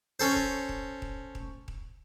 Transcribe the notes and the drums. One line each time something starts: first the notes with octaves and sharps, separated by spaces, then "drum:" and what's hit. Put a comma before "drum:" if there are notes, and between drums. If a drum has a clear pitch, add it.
C#4 A4 C5
drum: kick D#1
drum: kick D#1
drum: kick D#1
drum: kick D#1
drum: kick D#1